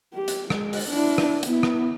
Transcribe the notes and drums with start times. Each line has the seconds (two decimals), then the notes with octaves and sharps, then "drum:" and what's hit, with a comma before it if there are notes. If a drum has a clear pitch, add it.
0.14 G4
0.28 drum: hi-hat
0.50 G#3, drum: rim click
0.73 drum: open hi-hat
0.89 D4 E4
1.18 drum: rim click
1.43 B3 E4, drum: hi-hat
1.63 drum: rim click